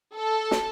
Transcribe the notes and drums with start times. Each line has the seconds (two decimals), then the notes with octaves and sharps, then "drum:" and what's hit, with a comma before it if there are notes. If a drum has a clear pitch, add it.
0.15 A4
0.51 drum: snare